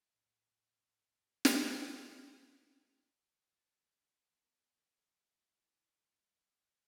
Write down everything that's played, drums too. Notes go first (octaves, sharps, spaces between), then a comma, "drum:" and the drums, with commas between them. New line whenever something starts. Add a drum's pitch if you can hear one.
A2 G#3
drum: snare
A5
B2 C4
D3 A3 C4 C#4 E4 G4
E3 G#3 C4 G#4 A4 C#5
D#3 E4
G3